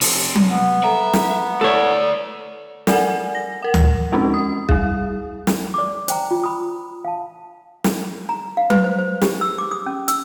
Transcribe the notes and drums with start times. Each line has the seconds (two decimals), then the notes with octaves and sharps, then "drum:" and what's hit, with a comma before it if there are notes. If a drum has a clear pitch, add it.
0.01 F2 C3, drum: open hi-hat
0.35 drum: tom F#3
0.49 B3
0.84 A4 E5 A#5
1.13 drum: snare
1.61 A3 A4 C#5 D5 E6
2.87 A4 A#4 D5 F#5 G#5, drum: snare
3.35 A#6
3.62 A#4 F#5
3.74 drum: tom D2
4.12 F3 G#3 C4 C#4 D#4 F#4
4.34 D#6
4.69 G3 G#4, drum: kick
5.47 drum: snare
5.74 D5 D6
6.08 C5 G5 A#5, drum: hi-hat
6.31 F4
6.44 B5 D#6
7.05 F5 A5
7.84 drum: snare
8.29 A#5
8.57 F5
8.70 B4, drum: tom F#3
8.84 C5
8.99 C5
9.22 G4, drum: snare
9.41 E6
9.58 D6
9.71 D#6
9.86 C#4
10.08 E6, drum: hi-hat